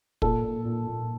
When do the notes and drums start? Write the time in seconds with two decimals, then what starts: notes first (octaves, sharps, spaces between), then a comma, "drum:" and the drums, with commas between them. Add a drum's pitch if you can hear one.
0.22 A#2 A4, drum: kick
0.43 A#2
0.65 A#2
0.86 A#2